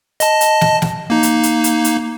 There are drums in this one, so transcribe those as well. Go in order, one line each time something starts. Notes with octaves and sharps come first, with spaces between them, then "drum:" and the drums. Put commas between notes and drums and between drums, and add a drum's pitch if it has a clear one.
D#5 A5, drum: hi-hat
drum: hi-hat
drum: snare
drum: snare
A#3 D#4
drum: hi-hat
drum: hi-hat
drum: hi-hat
drum: hi-hat